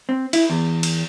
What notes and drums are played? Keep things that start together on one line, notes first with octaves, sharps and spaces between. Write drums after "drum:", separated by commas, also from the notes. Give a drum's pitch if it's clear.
C4
E4, drum: cymbal
E2
drum: cymbal